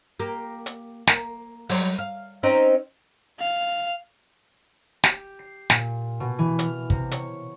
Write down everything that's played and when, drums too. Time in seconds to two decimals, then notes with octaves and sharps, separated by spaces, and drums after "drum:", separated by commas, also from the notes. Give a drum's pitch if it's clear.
0.20 A#3 G4
0.66 drum: hi-hat
1.07 A#3, drum: snare
1.69 F#3 G3 C#5, drum: open hi-hat
1.99 F5
2.43 C4 C#4 D#4
3.39 F5
5.04 G4, drum: snare
5.39 C7
5.70 A#2, drum: snare
6.20 B2
6.39 E3
6.59 F6, drum: hi-hat
6.90 C3, drum: kick
7.11 C#5, drum: hi-hat